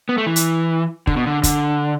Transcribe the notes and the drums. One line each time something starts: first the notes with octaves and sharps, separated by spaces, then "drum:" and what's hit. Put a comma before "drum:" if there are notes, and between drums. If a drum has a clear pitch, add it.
B3
A3
E3
drum: hi-hat
D3, drum: kick
B2
D3
D3, drum: kick, hi-hat